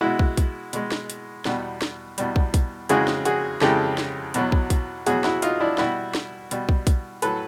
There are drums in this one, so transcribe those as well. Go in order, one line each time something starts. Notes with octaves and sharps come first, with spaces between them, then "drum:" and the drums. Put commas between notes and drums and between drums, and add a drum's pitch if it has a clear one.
B2 G#3 E4 F#4
drum: kick
drum: kick, hi-hat
B2 G#3, drum: hi-hat
drum: snare
drum: hi-hat
E2 B2 G3, drum: snare
drum: snare
E2 B2 G3, drum: hi-hat
drum: kick
drum: kick, hi-hat
F2 C#3 E3 G#3 F#4 G#4, drum: hi-hat
drum: snare
F#4 G#4, drum: hi-hat
F2 C#3 E3 G#3 G4 A4, drum: snare
drum: snare
E2 B2 F#3, drum: hi-hat
drum: kick
drum: kick, hi-hat
E2 B2 F#3 F#4 G#4, drum: hi-hat
E4 F#4, drum: snare
D#4 F4, drum: hi-hat
D4 E4
B2 G3 E4 F#4, drum: snare
drum: snare
B2 G3, drum: hi-hat
drum: kick
drum: kick, hi-hat
A2 F#3 A4 B4, drum: hi-hat